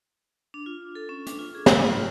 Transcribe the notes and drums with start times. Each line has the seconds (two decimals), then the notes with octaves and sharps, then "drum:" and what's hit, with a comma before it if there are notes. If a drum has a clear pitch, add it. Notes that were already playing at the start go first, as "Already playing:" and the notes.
0.54 D4
0.66 F4
0.95 A4
1.09 C#4
1.27 D4, drum: hi-hat
1.39 F4
1.55 G#4
1.66 F#3, drum: snare
1.84 F4